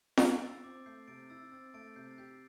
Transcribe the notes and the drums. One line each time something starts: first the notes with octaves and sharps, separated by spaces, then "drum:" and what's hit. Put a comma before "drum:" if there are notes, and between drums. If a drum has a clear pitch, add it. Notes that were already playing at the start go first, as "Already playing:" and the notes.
D7, drum: snare
C7
E4 E6 A6
C4 D6
A3 G6 C7
C3 A6 D7
E4 E6 A6
C4 E6 A6
A3 A6 D7
C3 G6 C7
A6
G4 G6 C7